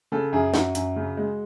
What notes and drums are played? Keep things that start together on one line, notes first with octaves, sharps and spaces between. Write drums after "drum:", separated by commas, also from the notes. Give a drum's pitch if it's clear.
C#3 A4
F#2 G#4
F#2 F#4, drum: snare
F#2, drum: hi-hat
C#3
G#3